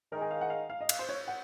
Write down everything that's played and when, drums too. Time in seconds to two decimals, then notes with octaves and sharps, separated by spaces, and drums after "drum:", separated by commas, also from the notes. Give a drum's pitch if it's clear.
0.12 D#3 G#3 D#4 A#4
0.21 G#4
0.31 F5
0.41 F#5
0.50 F5
0.70 F5
0.81 D#5
0.89 F5, drum: cymbal
0.99 C5
1.09 C#5
1.27 F#5